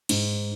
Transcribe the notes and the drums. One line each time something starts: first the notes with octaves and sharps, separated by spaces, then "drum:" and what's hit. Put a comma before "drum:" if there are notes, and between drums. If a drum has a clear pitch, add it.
G#2, drum: cymbal